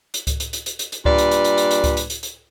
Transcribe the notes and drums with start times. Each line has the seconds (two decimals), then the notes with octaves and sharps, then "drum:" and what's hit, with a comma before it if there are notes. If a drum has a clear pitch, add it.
0.14 drum: hi-hat
0.27 drum: kick C#2, hi-hat
0.40 drum: hi-hat
0.53 drum: hi-hat
0.66 drum: hi-hat
0.79 drum: hi-hat
0.92 drum: hi-hat
1.05 G2 A#2 B4 D5, drum: kick C#2
1.18 drum: hi-hat
1.31 drum: hi-hat
1.45 drum: hi-hat
1.58 drum: hi-hat
1.71 drum: hi-hat
1.84 drum: kick C#2, hi-hat
1.97 drum: hi-hat
2.10 drum: hi-hat
2.23 drum: hi-hat